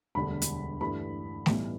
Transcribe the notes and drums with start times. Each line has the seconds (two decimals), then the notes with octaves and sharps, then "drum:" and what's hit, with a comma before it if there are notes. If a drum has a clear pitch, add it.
0.15 E1 D2 D3 G3 B5
0.42 drum: hi-hat
0.81 G2 E3 A3 D4 B5
1.46 B1 A2 E3 G3, drum: snare A3